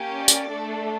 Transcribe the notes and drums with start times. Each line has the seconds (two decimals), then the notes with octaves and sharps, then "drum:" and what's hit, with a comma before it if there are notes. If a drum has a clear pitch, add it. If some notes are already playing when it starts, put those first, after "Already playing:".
Already playing: A#3 C#4 G4
0.18 D5
0.28 drum: tambourine
0.50 A3 D4 A4